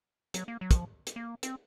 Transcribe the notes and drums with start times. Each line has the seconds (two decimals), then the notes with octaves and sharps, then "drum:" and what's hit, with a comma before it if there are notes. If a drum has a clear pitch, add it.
0.34 F#3, drum: hi-hat
0.48 A#3
0.61 F#3
0.71 D#3, drum: kick, hi-hat
0.75 F3
1.07 drum: hi-hat
1.16 A#3
1.43 C4, drum: hi-hat